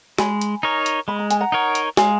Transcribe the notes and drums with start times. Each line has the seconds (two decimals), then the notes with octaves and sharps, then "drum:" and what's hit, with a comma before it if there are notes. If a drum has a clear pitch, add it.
0.18 G#3 G#5 B5, drum: snare
0.41 drum: hi-hat
0.63 D#4 A#4 C#5
0.86 drum: hi-hat
1.08 G#3 B5
1.19 A#5
1.30 G#5, drum: hi-hat
1.41 F#5 A#5
1.52 D#4 A#4 C#5
1.75 drum: hi-hat
1.97 G#3 F5 G#5, drum: snare